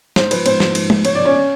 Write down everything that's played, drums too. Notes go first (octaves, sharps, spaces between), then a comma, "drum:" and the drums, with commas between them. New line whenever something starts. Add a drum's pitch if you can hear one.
G#2 C5, drum: snare
F3 B4, drum: cymbal
G#2 C5, drum: cymbal
F3, drum: snare
G#2, drum: cymbal
F3, drum: tom G#3
G#2 C#5, drum: cymbal
F3 D5
C#4 C#5